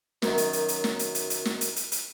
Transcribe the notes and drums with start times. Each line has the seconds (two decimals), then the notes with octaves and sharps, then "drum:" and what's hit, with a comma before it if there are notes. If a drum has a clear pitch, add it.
0.22 F#2 D#3, drum: snare
0.38 drum: hi-hat
0.53 drum: hi-hat
0.68 drum: hi-hat
0.84 drum: snare
0.99 drum: hi-hat
1.15 drum: hi-hat
1.30 drum: hi-hat
1.45 drum: snare
1.61 drum: hi-hat
1.76 drum: hi-hat
1.92 drum: hi-hat